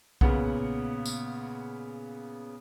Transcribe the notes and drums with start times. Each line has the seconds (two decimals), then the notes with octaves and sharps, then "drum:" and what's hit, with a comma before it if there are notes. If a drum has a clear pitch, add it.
0.21 A#2 C#3 B3 F#5, drum: kick B1
1.06 drum: tambourine